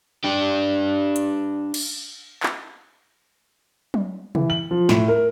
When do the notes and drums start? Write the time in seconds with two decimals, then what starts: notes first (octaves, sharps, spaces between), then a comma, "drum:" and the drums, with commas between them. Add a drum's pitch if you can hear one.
0.24 D4 G4
1.16 drum: hi-hat
1.74 drum: cymbal
2.43 drum: clap
3.94 drum: tom F#3
4.35 E3, drum: tom C3
4.50 F#7
4.71 F3
4.89 A2, drum: snare
5.08 A#4